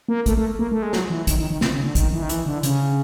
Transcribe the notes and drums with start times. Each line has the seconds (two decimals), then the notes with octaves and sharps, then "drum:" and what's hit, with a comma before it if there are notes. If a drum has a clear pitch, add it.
0.09 A#3
0.26 A3, drum: kick, hi-hat
0.37 A3
0.59 A#3
0.72 A3
0.82 G#3
0.93 F#3, drum: snare
1.10 E3
1.27 D#3, drum: kick, hi-hat
1.38 D#3
1.50 D#3
1.61 C3, drum: snare
1.73 C#3
1.84 D3
1.95 D#3, drum: kick, hi-hat
2.12 E3
2.22 D#3
2.29 E3, drum: hi-hat
2.46 D3
2.63 C#3, drum: hi-hat